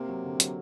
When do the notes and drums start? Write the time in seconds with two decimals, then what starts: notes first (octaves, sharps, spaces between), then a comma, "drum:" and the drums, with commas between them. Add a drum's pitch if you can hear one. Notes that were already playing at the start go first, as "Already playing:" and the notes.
Already playing: C3 A#3
0.09 F#3
0.24 D3
0.40 F#3, drum: hi-hat